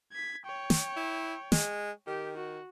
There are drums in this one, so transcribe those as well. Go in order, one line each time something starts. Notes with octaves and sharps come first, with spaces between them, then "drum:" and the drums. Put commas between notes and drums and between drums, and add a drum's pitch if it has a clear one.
G#6 B6
C#5 G5
drum: snare
E4
G#3, drum: snare
D#3 G4
F#4